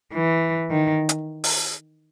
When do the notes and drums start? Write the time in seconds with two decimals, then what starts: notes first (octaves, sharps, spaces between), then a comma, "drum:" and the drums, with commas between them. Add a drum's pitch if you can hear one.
0.14 E3
0.71 D#3
1.09 drum: hi-hat
1.44 drum: open hi-hat